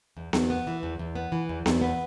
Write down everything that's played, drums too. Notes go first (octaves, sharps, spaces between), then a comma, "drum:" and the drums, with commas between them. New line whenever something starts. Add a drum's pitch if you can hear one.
E2
E2, drum: snare B3
B3
E3
E2
E2
B3
E3
E2
E2, drum: snare B3
B3